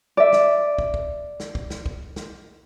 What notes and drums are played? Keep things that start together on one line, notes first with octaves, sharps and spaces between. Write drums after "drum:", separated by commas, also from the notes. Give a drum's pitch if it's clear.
D5 E5
drum: snare
drum: kick
drum: kick
drum: snare
drum: kick
drum: snare
drum: kick
drum: snare